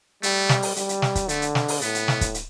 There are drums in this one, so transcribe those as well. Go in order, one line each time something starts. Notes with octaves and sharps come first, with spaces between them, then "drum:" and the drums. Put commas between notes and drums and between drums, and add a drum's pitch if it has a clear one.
G3 A3, drum: hi-hat
drum: snare
drum: open hi-hat
G3, drum: hi-hat
drum: hi-hat
drum: snare
drum: kick, hi-hat
D3 A3, drum: hi-hat
drum: hi-hat
drum: snare
drum: open hi-hat
A2 B3, drum: hi-hat
drum: hi-hat
drum: snare
drum: kick, hi-hat
drum: hi-hat